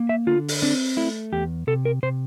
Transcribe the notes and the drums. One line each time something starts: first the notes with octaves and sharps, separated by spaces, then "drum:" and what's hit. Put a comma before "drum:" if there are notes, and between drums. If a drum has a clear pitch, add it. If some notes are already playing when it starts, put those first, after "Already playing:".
Already playing: A#3
E5
D3 F4
drum: open hi-hat
C4 D4
A3 E4
E2 G4
C3 A4
A#4
C3 C5